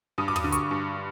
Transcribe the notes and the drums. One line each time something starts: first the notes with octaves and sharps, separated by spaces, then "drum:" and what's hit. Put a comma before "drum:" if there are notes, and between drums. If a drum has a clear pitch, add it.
G2 D#6
D6
D#6, drum: tom
D3
C#6, drum: hi-hat
G2